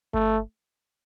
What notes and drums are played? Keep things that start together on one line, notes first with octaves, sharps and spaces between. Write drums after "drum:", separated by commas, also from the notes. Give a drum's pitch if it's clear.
A3, drum: kick G1